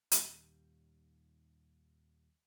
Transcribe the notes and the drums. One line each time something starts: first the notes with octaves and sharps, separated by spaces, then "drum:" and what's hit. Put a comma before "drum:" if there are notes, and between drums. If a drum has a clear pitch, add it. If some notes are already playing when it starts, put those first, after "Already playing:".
D#2 A#2 D#3 G3, drum: hi-hat